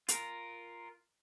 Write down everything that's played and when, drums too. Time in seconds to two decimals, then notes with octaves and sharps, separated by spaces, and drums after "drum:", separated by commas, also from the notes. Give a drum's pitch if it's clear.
0.09 F4 A#4, drum: hi-hat